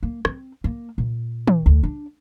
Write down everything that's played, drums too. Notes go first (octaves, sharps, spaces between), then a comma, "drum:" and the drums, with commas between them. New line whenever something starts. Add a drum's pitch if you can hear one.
A#3
C4, drum: rim click
A#3
A#2
drum: tom
D2
D4